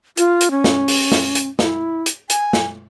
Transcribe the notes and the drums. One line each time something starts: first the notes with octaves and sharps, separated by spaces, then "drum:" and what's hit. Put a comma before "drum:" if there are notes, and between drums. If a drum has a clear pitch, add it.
F4, drum: hi-hat
drum: hi-hat
C#4
drum: snare
drum: open hi-hat
drum: snare
drum: hi-hat
E4, drum: snare
drum: hi-hat
G#5, drum: hi-hat
drum: snare